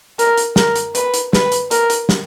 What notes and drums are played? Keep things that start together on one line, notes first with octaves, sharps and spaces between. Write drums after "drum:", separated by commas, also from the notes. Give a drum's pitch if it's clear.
A#4, drum: hi-hat
drum: hi-hat
A#4, drum: snare
drum: hi-hat
B4, drum: hi-hat
drum: hi-hat
B4, drum: snare
drum: hi-hat
A#4, drum: hi-hat
drum: hi-hat
drum: snare